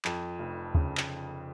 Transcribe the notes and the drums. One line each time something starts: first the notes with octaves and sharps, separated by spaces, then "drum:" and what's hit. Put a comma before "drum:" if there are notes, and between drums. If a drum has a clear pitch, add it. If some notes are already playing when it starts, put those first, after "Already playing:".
F2, drum: clap
F1
C#3, drum: kick
drum: clap